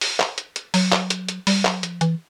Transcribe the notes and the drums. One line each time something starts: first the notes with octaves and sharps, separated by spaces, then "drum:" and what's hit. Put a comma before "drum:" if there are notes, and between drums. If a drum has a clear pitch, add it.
drum: open hi-hat
drum: clap
drum: hi-hat
drum: hi-hat
F#3, drum: open hi-hat
drum: clap
drum: hi-hat
drum: hi-hat
G3, drum: open hi-hat
F#3, drum: clap
F3, drum: hi-hat
E3, drum: hi-hat